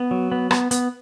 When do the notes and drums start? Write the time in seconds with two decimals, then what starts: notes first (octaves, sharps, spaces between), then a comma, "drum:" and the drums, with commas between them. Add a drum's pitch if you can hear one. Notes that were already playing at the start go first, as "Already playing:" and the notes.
Already playing: B3
0.11 F#3
0.32 B3
0.51 B3, drum: rim click
0.71 B3, drum: hi-hat